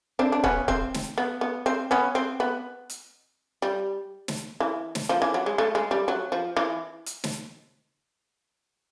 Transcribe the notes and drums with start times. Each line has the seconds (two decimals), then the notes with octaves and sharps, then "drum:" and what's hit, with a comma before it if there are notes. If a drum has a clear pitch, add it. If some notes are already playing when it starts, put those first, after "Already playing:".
0.19 C4 D4
0.32 D4
0.44 B3 C#4, drum: kick
0.68 C4, drum: kick
0.94 drum: snare
1.18 B3
1.41 B3
1.66 C4
1.91 B3 C#4
2.15 C4
2.40 B3
2.90 drum: hi-hat
3.62 G3
4.28 drum: snare
4.60 E3
4.95 drum: snare
5.09 F3
5.22 E3
5.34 F#3
5.46 G#3
5.58 A3
5.75 G#3
5.91 G3
6.08 F#3
6.32 F3
6.57 E3
7.06 drum: hi-hat
7.24 drum: snare